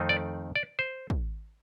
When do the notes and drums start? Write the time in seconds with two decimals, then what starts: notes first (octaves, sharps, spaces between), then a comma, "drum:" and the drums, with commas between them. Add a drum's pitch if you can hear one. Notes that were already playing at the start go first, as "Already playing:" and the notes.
Already playing: F2 D#3 A3 C4 D#4
0.09 D5
0.56 D5
0.79 C5
1.10 drum: kick